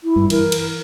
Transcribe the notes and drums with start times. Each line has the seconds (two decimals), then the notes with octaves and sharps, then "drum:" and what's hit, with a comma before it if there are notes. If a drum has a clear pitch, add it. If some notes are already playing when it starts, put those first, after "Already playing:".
0.03 E4
0.16 G2
0.30 E3 A#4, drum: cymbal
0.52 drum: cymbal